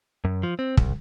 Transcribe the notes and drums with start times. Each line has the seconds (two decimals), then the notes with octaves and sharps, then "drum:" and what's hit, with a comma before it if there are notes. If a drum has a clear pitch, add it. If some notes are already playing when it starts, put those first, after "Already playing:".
0.25 F#2
0.43 F3
0.59 C4
0.77 C2, drum: kick